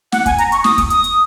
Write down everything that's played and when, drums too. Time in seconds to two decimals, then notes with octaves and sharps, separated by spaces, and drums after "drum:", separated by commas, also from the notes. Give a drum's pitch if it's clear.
0.12 F#5, drum: snare
0.26 G#5, drum: kick, hi-hat
0.38 A#5, drum: hi-hat
0.52 C#6, drum: hi-hat
0.64 D#6, drum: snare
0.78 drum: kick, hi-hat
0.90 D#6, drum: hi-hat
1.04 drum: hi-hat